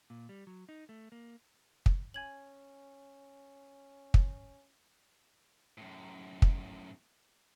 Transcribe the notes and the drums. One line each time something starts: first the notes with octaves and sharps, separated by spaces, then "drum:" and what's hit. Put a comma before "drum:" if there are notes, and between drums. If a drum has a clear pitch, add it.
A#2
G3
F#3
D#4
A3
A#3
drum: kick
C#4 G#5 G#6 F#7
drum: kick
F#2 A2
drum: kick